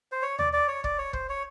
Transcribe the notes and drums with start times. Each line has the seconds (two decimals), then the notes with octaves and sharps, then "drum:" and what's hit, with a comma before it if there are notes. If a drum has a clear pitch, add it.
0.12 C5
0.22 C#5
0.39 D5, drum: tom D#2
0.53 D5
0.68 C#5
0.84 D5, drum: kick
0.98 C#5
1.13 C5, drum: kick
1.29 C#5